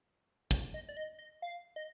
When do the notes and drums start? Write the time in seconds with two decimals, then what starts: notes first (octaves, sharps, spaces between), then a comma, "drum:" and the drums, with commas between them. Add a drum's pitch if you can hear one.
0.51 drum: kick
0.74 D#5
0.89 D5
0.97 D#5
1.19 D#5
1.42 F5
1.76 D#5